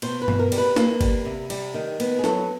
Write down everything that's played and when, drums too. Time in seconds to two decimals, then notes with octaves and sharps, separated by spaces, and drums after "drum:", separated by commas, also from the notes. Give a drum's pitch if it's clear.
0.02 B2 C5, drum: cymbal
0.22 B4
0.28 B2, drum: tom G2
0.39 A#4
0.52 G3, drum: cymbal
0.58 B4
0.76 A#3, drum: snare
1.01 G3, drum: kick, cymbal
1.25 C3
1.50 G3, drum: cymbal
1.74 D#3
2.00 B3, drum: cymbal
2.19 G#4
2.24 F#3 A4, drum: snare